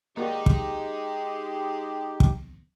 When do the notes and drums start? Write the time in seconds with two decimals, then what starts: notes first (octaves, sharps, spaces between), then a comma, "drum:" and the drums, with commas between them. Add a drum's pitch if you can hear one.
0.17 G#3 A#3 D#4 F#4 G4 D5
0.46 drum: kick
2.20 drum: kick